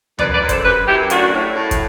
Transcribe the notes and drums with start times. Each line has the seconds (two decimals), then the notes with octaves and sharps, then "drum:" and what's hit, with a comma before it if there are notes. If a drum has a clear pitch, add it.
0.18 F#2 B4 D5, drum: tom D2
0.33 B4 D5
0.41 F#2
0.49 A4 C5, drum: kick, hi-hat
0.64 F#2 G4 B4
0.87 F#2 E4 G4
1.10 A2 D4 F#4, drum: hi-hat
1.33 A2
1.56 A2
1.71 drum: kick, hi-hat